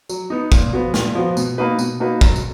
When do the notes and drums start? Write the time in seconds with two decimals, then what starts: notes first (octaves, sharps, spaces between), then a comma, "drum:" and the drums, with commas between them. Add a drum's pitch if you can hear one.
0.09 F#3, drum: tambourine
0.30 B3 D#4
0.52 A#2, drum: kick, tambourine
0.73 F3 B3 F#4
0.94 A#2, drum: snare
1.15 F3 B3 F#4
1.37 B2, drum: tambourine
1.58 A#3 D#4 F#4 B4
1.79 B2, drum: tambourine
2.00 A#3 D#4 F#4 B4
2.21 F#3, drum: kick, tambourine
2.36 drum: tambourine